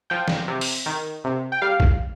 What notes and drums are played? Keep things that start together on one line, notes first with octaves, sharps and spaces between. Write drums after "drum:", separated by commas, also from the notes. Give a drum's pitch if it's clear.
F3 G5
drum: snare
C3
drum: open hi-hat
D#3
C3
G5
G3 F5
drum: kick A#1